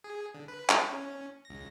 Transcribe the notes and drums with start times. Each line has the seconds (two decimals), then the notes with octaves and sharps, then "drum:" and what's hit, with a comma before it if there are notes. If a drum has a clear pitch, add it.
0.04 G#4
0.34 D3
0.48 B4
0.70 drum: clap
0.89 C#4
1.45 C#2 A#6